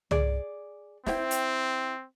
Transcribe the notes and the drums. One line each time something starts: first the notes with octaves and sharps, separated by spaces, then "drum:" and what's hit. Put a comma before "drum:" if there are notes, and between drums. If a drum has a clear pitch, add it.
G#4 D5, drum: tom
C4 E4 C5 G5, drum: snare
drum: hi-hat